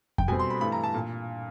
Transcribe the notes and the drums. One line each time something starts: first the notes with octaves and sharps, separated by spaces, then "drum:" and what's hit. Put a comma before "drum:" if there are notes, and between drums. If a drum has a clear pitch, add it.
G5, drum: kick F2
B2 G3 C4 G#5
C6
B5
G2 E3 A3 B5
A#5
A5
A#2